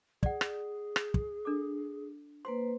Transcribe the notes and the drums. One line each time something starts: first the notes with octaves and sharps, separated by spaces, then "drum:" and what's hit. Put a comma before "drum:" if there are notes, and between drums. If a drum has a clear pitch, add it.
G#4 D5 F#5, drum: kick
drum: rim click
drum: rim click
drum: kick
D4 A4 D6
A#3 B4 C5 C6